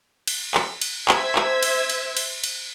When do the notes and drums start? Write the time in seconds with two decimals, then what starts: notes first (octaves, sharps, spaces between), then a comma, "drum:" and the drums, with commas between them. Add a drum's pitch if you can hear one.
0.27 drum: cymbal
0.54 drum: clap
0.82 drum: cymbal
1.09 C5 E5 E6 G#6 B6, drum: clap
1.36 drum: clap
1.63 drum: cymbal
1.90 drum: cymbal
2.17 drum: cymbal
2.44 drum: cymbal